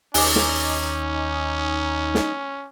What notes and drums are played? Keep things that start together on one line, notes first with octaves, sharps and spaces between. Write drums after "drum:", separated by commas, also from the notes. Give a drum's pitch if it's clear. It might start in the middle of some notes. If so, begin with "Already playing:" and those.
D#2 C#4 D#4 G#5 D6, drum: open hi-hat
drum: snare
drum: snare